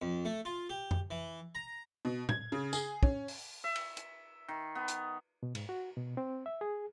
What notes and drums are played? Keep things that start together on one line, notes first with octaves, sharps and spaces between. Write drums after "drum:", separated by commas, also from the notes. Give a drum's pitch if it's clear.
F2
A3
F4
G4
drum: tom F2
E3
A#5
B2
G#6, drum: tom
C#3
G#4, drum: tambourine
C#4, drum: kick
drum: open hi-hat
E5
drum: cymbal
drum: hi-hat
D#3
B3
drum: hi-hat
B2
G#2, drum: cymbal
F#4
B2
C4
E5
G#4